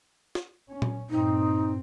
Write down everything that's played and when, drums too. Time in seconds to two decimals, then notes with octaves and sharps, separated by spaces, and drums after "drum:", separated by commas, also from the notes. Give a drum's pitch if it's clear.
0.35 drum: snare
0.69 C#4
0.82 drum: tom A#2
1.10 G2 A#2 C4 D#4